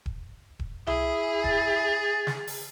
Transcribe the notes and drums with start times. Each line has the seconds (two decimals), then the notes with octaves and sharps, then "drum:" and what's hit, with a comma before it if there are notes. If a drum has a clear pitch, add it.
0.06 drum: kick D#1
0.59 drum: kick D#1
0.87 E4 G#4 D#6, drum: tom C2
1.44 A6, drum: kick D#1
2.27 drum: snare
2.47 drum: open hi-hat